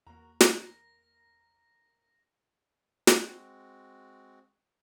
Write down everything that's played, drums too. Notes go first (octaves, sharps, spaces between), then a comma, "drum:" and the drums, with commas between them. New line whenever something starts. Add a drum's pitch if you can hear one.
E2 A#3 F#4 A#4 A#5
A#4 A#6, drum: snare
drum: snare
G#3 C4 F#4